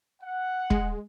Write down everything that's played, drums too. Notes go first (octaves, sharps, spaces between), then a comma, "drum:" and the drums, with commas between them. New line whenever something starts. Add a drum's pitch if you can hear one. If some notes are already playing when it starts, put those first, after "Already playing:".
F#5
G#3, drum: kick